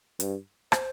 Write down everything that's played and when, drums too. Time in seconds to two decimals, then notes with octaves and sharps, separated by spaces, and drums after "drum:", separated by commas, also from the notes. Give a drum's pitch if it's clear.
0.20 G2, drum: hi-hat
0.72 C5, drum: rim click